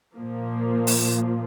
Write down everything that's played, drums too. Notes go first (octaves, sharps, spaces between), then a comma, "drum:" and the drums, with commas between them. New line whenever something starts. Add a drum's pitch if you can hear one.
A#2 F3 A#3
drum: open hi-hat